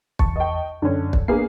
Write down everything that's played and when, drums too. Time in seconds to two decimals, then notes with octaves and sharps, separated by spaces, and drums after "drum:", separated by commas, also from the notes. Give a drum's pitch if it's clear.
0.19 E2 A5 C#6, drum: kick
0.36 D#5 G5
0.82 F#2 D3 C#4
1.13 drum: kick
1.28 A#3 B3 D4 G#4 C7